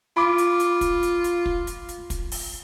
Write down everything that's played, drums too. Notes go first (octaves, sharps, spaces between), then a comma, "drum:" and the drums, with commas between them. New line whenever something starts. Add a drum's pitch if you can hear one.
F4 B5 D6
drum: hi-hat
drum: hi-hat
drum: kick, hi-hat
drum: hi-hat
drum: hi-hat
drum: kick
drum: hi-hat
drum: hi-hat
drum: kick, hi-hat
drum: open hi-hat